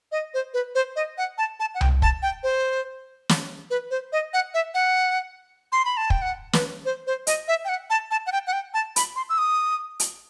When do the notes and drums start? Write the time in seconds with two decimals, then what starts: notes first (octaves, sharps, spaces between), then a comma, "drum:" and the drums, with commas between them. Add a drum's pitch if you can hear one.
0.12 D#5
0.34 C5
0.54 B4
0.75 C5
0.96 D#5
1.18 F#5
1.38 A5
1.60 A5
1.75 F#5
1.81 G5, drum: tom C2
2.02 A5, drum: kick
2.22 G5
2.43 C5
3.29 drum: snare
3.70 B4
3.91 C5
4.12 D#5
4.33 F#5
4.54 E5
4.74 F#5
5.72 C6
5.85 B5
5.97 A5
6.10 G5, drum: kick
6.22 F#5
6.53 B4, drum: snare
6.85 C5
7.07 C5
7.27 D#5, drum: hi-hat
7.48 E5
7.65 G5
7.69 F#5
7.90 A5
8.11 A5
8.26 F#5
8.32 G5
8.47 F#5
8.53 G5
8.74 A5
8.96 B5, drum: hi-hat
9.16 C6
9.30 E6
9.38 D#6
10.00 drum: hi-hat